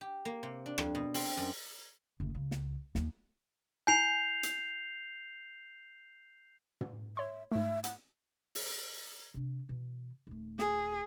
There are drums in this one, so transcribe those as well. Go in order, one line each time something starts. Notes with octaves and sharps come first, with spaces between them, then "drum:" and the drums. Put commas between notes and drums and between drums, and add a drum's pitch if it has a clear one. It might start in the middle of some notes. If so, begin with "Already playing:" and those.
G4
A#3
C3
D4
F2, drum: rim click
B2
C4, drum: open hi-hat
F#2
F#1 D2
C#2
drum: snare
D#2 F3, drum: snare
E4 G#5 G6 C7 F7
drum: hi-hat
drum: tom
C#5 E5 C6
G#2 A3 E5
F#5, drum: hi-hat
drum: open hi-hat
C3 D4
B2 E3
D#1 A3
G#4, drum: snare